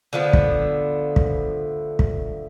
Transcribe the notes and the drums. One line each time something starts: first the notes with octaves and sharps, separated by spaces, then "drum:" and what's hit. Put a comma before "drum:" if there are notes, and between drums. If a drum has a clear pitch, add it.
D3 F3 A3 B3
drum: kick
drum: kick
drum: kick